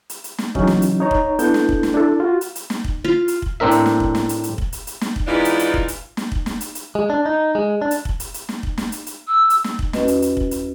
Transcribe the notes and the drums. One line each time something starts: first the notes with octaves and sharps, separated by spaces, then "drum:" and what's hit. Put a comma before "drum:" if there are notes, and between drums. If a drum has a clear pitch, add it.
drum: hi-hat
drum: hi-hat
drum: snare
C#3 E3 F#3 C#4 D#4, drum: kick
drum: snare
drum: hi-hat
D#4 C#5 A#5
drum: kick
B3 D4 E4 A4 G6, drum: hi-hat
drum: snare
drum: kick
drum: snare
D4 E4 A4
F4 F#4
drum: hi-hat
drum: hi-hat
drum: snare
drum: kick
F4
drum: hi-hat
drum: kick
A2 C4 D4 A#4 E5
drum: hi-hat
drum: snare
drum: kick
drum: snare
drum: hi-hat
drum: hi-hat
drum: kick
drum: hi-hat
drum: hi-hat
drum: snare
drum: kick
G#2 E3 B3 D4 D#4 F4
drum: hi-hat
drum: hi-hat
drum: kick
drum: hi-hat
drum: snare
drum: kick
drum: snare
drum: hi-hat
drum: hi-hat
G#3
D4
D#4
G#3
D4
drum: hi-hat
drum: kick
drum: hi-hat
drum: hi-hat
drum: snare
drum: kick
drum: snare
drum: hi-hat
drum: hi-hat
E6
drum: hi-hat
drum: snare
drum: kick
E2 C#4 F#4 B4 D#5, drum: snare
drum: hi-hat
drum: hi-hat
drum: kick
drum: hi-hat